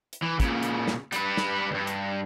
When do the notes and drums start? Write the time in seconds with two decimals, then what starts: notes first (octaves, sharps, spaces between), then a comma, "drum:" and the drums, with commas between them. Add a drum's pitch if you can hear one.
0.13 drum: hi-hat
0.22 E3
0.40 A#2 C#3, drum: kick, hi-hat
0.63 drum: hi-hat
0.88 drum: snare
1.13 G3 B4, drum: hi-hat
1.37 drum: snare
1.71 D2 G2
1.87 drum: hi-hat